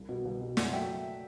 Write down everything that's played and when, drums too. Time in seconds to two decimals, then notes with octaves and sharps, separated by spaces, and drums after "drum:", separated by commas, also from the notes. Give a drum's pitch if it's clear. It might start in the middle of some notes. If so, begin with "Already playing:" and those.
Already playing: C2
0.09 B2 G3
0.25 C2
0.41 B2 G3
0.57 F#1 D5 F#5, drum: snare
0.73 F#3 A3 E5 G5